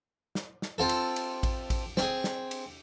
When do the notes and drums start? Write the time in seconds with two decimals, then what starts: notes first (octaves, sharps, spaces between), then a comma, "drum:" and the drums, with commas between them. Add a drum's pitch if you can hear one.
0.35 drum: snare
0.62 drum: snare
0.78 C4 F4 A4
0.89 drum: cymbal
1.16 drum: cymbal
1.43 drum: kick A1, cymbal
1.70 drum: kick A1, cymbal
1.97 C4 G#4, drum: snare
2.24 drum: snare
2.51 drum: cymbal